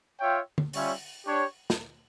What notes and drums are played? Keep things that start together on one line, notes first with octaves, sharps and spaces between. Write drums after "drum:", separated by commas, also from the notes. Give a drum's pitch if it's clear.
F4 C#5 E5 G5
drum: tom D3
G3 C#4 F4 C#5 E5, drum: open hi-hat
D4 G4 C#5
drum: snare